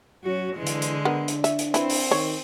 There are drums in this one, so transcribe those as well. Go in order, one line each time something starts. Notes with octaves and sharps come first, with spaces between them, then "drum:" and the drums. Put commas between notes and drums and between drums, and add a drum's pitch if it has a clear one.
F#3 C#4 F#4
D3 E3 G#3
drum: hi-hat
drum: hi-hat
B3 D4 A#4
drum: hi-hat
E5, drum: hi-hat
drum: hi-hat
C4 E4 B4, drum: hi-hat
drum: open hi-hat
D#3 C#5